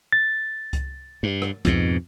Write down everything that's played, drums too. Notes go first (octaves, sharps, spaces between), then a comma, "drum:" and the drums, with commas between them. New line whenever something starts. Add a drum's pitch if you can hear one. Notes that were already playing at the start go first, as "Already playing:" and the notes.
A6
drum: kick C2, hi-hat
G2
drum: rim click
F2 G#2 B2, drum: kick C2, hi-hat